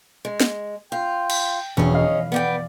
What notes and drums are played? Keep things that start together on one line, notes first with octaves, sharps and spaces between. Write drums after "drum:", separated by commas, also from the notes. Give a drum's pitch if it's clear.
G#3
drum: snare
F4 G5
drum: cymbal
E1 C#4 G#4
D#5 F5
B3 G4 D5 G5